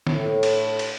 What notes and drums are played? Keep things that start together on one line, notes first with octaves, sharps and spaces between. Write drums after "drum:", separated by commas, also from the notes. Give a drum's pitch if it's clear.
A2, drum: snare
drum: cymbal
drum: cymbal